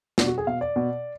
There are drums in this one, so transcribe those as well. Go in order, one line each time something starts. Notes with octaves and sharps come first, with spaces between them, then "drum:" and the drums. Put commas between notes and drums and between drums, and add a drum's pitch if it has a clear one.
B2 D4, drum: snare
F#4
G#4
B2 F5
D5
B2